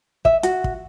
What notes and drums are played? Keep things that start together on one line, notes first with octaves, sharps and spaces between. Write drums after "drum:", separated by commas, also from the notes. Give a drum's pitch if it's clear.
E5, drum: kick
F#4, drum: hi-hat
drum: kick